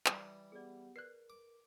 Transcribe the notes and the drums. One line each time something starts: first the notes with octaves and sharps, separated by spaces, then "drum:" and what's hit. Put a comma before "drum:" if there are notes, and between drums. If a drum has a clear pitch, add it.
E3 G3 D#6, drum: clap
B3 G4 G#4 D5 F#5
A#4 B4 D5 F#6 C7
D6